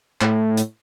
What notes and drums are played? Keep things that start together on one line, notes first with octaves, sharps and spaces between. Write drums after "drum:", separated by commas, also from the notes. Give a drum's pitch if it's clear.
A2, drum: clap
drum: hi-hat